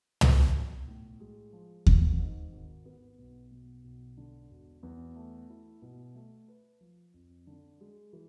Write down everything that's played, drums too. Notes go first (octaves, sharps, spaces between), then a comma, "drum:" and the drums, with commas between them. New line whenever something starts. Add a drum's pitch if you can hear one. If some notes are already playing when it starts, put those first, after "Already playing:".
F3, drum: tom
B1
A2
G#3
F3
G#1, drum: kick D#2
G#2
G#1
B3
B1
B2
B1
D3
E1
E2
A3
E4
B2
A3
B4
F3
F2
D3
G#3
E3